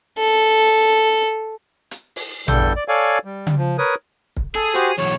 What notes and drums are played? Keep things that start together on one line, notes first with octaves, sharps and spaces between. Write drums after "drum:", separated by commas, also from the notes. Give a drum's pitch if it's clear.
A4
drum: hi-hat
drum: open hi-hat
E2 G2 G3 A4 G6, drum: tom A1
D5
A4 C#5 D5 F5 G#5
G3
drum: tom C#3
F3
A#4 B4 C#5 D#6
drum: kick
G#4 A4
F#4 G4 C5, drum: hi-hat
B1 E2 C#5